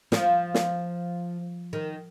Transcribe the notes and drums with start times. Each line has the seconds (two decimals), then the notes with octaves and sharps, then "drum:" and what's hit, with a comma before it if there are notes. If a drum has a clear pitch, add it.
0.12 F3, drum: snare
0.54 drum: snare
1.73 D#3